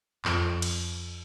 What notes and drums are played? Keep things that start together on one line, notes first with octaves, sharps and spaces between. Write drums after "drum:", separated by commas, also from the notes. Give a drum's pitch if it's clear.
F2, drum: clap
drum: cymbal